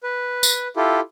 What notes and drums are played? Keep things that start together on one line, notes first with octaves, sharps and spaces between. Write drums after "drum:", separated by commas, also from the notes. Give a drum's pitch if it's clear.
B4
drum: tambourine
E4 F4 G4 A4